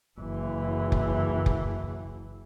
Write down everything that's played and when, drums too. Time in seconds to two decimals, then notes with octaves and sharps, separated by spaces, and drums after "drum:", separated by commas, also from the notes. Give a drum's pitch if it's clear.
0.20 F#1 E3
0.92 drum: kick F1
1.46 drum: kick F1